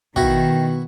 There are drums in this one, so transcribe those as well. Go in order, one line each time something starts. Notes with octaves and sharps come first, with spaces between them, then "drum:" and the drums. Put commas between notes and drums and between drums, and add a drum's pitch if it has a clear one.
B2 D#3 E4 F#4 G5 A#6, drum: kick